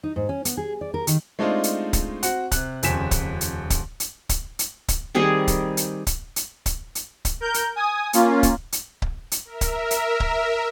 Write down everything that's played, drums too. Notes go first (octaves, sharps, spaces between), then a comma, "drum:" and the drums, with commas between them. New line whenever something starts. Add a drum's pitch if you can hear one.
D#4
G#2
C#4
B3, drum: hi-hat
G#4
D5
A#4
D#3, drum: hi-hat
G#3 A3 C4 D4 D#4 F4
drum: hi-hat
drum: kick C#1, hi-hat
C4 F#4 F#5, drum: hi-hat
C3 F#6, drum: kick C#1, hi-hat
D#1 F2 C#3 G#5 B6 E7, drum: hi-hat
drum: kick C#1, hi-hat
drum: hi-hat
drum: kick C#1, hi-hat
drum: hi-hat
drum: kick C#1, hi-hat
drum: hi-hat
drum: kick C#1, hi-hat
D#3 G3 C4 G#4
drum: kick C#1, hi-hat
drum: hi-hat
drum: kick C#1, hi-hat
drum: hi-hat
drum: kick C#1, hi-hat
drum: hi-hat
drum: kick C#1, hi-hat
A#4 G6
drum: hi-hat
G#5 D#6
A#3 C#4 F4, drum: hi-hat
drum: kick C#1, hi-hat
drum: hi-hat
drum: kick C#1
drum: hi-hat
A#4 E5
drum: kick C#1, hi-hat
drum: hi-hat
drum: kick C#1